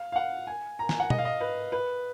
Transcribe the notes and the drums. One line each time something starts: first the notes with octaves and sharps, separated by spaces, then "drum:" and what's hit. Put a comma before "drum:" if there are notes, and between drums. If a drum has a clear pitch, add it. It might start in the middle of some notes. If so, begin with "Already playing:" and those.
Already playing: F5
F5
F#5
G#5
A#5
G#5, drum: snare
F#5
D#5, drum: tom B2
F5
D#5
B4
B4